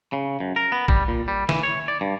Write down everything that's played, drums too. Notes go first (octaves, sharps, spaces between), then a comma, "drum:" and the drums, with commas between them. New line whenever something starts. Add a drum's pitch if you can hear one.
C#3
F#2
A#4
B3
G3, drum: kick G#1
A#2
G3
E3, drum: snare
C#5
D5
G2